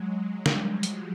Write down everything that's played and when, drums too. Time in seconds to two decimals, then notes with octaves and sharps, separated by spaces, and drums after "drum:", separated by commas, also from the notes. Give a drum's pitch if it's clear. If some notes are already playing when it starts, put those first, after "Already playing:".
Already playing: F#3 G#3
0.46 F3 G3, drum: snare
0.83 drum: hi-hat